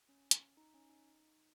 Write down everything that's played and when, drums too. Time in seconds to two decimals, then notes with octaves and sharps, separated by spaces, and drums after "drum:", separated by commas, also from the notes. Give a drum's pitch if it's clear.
0.09 C#4
0.31 drum: hi-hat
0.57 D#4
0.74 C#4
0.90 D#4